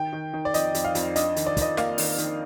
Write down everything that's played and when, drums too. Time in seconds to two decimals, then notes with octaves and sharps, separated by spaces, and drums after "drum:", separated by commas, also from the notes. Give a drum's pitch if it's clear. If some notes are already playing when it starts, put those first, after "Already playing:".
Already playing: D#3 G5
0.13 D#3
0.33 D#3
0.45 D5
0.54 F2 D#5, drum: hi-hat
0.74 F2, drum: hi-hat
0.85 F5
0.95 F2, drum: hi-hat
1.16 D4 D#5, drum: hi-hat
1.36 D#3, drum: hi-hat
1.47 D5
1.57 D#3, drum: kick, hi-hat
1.62 D#5
1.77 A#3 F5, drum: snare
1.98 D#3, drum: open hi-hat
2.18 D#3, drum: hi-hat